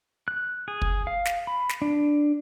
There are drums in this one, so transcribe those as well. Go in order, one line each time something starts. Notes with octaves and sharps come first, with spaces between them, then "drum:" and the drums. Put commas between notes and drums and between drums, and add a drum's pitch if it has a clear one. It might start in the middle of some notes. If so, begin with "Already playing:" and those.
F#6
G#4
drum: kick
F5
drum: snare
B5
drum: snare
D4